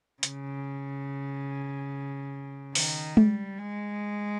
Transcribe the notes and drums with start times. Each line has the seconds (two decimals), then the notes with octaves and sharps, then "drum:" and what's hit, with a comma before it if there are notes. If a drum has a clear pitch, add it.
0.23 C#3, drum: hi-hat
2.75 D#3, drum: open hi-hat
3.17 G3, drum: tom G#3
3.59 G#3